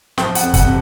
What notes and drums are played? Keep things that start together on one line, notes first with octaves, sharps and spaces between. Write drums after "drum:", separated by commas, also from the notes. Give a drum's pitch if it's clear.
F3 G5, drum: snare
F#5, drum: hi-hat
F2
F#5, drum: kick, hi-hat
C3